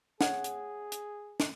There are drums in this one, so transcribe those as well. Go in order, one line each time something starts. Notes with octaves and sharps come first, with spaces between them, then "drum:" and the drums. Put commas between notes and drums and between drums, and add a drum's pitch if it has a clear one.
G#4 C#5 F#5, drum: snare
drum: hi-hat
drum: hi-hat
drum: snare